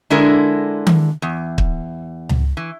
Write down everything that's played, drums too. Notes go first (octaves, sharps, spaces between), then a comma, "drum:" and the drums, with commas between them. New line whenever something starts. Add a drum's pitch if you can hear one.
D3 G#3 D4 E4 A4 A#4
drum: tom D#3
E2
drum: kick
drum: tom C#2
E3